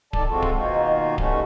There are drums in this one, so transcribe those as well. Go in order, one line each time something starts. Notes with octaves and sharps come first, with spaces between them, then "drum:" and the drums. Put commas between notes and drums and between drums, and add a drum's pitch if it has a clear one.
D#3 A4 D5 A5, drum: kick D1
G#3 C4 F4 F#4 A4
drum: kick D1
B2 D#3 A#3 D#4 F4 F#4
B2 G3 A3 C#4 F#4, drum: kick D1